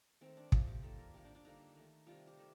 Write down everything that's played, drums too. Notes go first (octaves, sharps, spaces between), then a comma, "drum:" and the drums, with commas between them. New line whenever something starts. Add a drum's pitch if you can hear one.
D#3 A3 C4
D4
D#3 A3 F4, drum: kick
G4
D#3 G3 A#3 A4
A#4
C3 D#3 A#3 G4
D4
D4
D3 G3 A#3 D#4
D#3 A3
C3 D#3 G3 F4
G4
D#3 A3